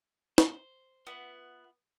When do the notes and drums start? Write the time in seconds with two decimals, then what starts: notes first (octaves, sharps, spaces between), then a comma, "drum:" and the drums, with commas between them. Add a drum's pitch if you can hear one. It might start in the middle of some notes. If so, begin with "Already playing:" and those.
0.38 C5, drum: snare
1.07 B3 F4 E5 F#5